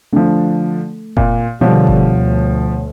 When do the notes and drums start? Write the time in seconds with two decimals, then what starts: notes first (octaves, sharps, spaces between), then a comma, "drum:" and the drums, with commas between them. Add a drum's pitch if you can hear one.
0.13 D3 F3 A3
1.17 A#2, drum: kick F#1
1.61 B2 D3 F3 G3 C#5 F#5
1.87 drum: kick F#1
2.11 D2